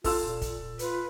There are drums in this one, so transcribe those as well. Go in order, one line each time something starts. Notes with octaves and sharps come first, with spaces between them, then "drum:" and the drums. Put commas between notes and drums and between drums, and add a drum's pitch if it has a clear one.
F4 A4 E6, drum: kick, open hi-hat
A#2
drum: kick, hi-hat
F4 B4, drum: hi-hat